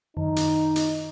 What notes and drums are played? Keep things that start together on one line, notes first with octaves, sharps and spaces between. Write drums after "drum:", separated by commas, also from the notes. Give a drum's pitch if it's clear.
F#2 D#3 D#4
drum: hi-hat
drum: hi-hat